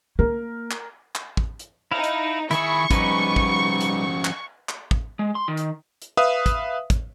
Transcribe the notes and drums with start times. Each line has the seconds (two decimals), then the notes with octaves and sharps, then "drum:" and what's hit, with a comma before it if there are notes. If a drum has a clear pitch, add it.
0.19 A#3 A#4
0.71 drum: clap
1.15 drum: clap
1.37 drum: kick
1.59 drum: hi-hat
1.92 D#4 E4 F5
2.04 drum: hi-hat
2.51 D#3 E4 G#4 E5 B5 C#6, drum: hi-hat
2.91 F3 G3 C#4 D#4 B4, drum: kick, hi-hat
3.36 drum: kick
3.81 drum: hi-hat
4.25 drum: clap
4.69 drum: clap
4.91 drum: kick
5.19 G#3
5.35 C6
5.48 D#3
5.57 drum: hi-hat
6.02 drum: hi-hat
6.17 B4 E5 F5 D#6
6.46 drum: kick, hi-hat
6.90 drum: kick, hi-hat